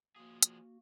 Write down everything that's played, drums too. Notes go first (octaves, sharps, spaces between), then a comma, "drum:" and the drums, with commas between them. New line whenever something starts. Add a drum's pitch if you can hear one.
F3 A#3 F#4 G#4
drum: hi-hat